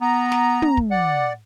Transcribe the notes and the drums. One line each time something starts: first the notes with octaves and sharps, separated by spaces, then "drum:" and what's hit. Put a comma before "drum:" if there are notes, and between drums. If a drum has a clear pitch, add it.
B3 A#5
drum: snare
drum: tom
drum: kick
D5 F#5